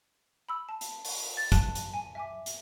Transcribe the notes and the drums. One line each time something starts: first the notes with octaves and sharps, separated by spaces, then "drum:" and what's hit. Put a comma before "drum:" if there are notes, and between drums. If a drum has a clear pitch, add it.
B5 E6
A5
drum: hi-hat
drum: open hi-hat
A6
A5 F#6, drum: kick, hi-hat
drum: hi-hat
G#5
E5 G#5 D6
drum: hi-hat